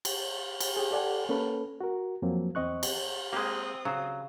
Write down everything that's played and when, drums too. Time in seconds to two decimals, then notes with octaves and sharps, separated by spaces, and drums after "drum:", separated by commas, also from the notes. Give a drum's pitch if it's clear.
0.05 drum: cymbal
0.60 drum: cymbal
0.77 G4 G#4
0.91 G4 A4 D5 F#5 G#5
1.29 A#3 C#4 A4 B4
1.81 F#4 A#4
2.22 F2 F3 F#3 A#3 C4
2.55 E2 C4 D#5 C#6 F#6
2.83 drum: cymbal
3.33 G#3 A#3 C4 G4 D#6
3.85 C#3 F#3 C5